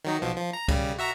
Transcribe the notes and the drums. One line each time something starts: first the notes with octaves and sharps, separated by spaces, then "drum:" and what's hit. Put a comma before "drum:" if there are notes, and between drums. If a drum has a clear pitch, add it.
D#3 F#3 D#4
B1 B2 F3
F3
A#5
C#3 G3, drum: kick C2, cymbal
F#4 E5 A#5